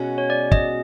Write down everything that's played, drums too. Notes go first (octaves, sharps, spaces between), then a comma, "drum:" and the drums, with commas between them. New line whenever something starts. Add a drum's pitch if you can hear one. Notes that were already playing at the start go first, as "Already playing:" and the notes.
Already playing: B2 G#3 C#4 F#4
C#5
D5
D#5, drum: kick